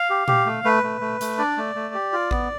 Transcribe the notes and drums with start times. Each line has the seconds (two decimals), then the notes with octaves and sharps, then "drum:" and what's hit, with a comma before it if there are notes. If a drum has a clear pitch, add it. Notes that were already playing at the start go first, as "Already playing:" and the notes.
Already playing: F5
0.10 G4
0.28 G4, drum: tom A#2
0.46 A3
0.64 A3 B4
0.83 A3
1.01 A3
1.21 A3, drum: hi-hat
1.38 D4 D5
1.57 A3
1.75 A3
1.94 G4
2.13 F4
2.31 B3, drum: kick A1